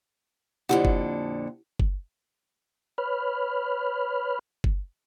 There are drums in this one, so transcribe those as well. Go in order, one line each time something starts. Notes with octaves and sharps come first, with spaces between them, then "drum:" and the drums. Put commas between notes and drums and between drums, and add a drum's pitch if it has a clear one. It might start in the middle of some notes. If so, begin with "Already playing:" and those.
F2 A#2 D3 E4 G4 F#5
drum: kick G1
drum: kick G1
B4 C#5 B5 F6
drum: kick G1